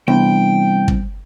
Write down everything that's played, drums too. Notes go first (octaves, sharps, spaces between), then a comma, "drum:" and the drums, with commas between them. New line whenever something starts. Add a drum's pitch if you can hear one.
C2 E3 B3 D4 G5
drum: kick